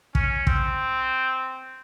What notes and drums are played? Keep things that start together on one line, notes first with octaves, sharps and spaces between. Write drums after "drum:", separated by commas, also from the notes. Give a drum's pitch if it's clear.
C#4, drum: kick
C4, drum: kick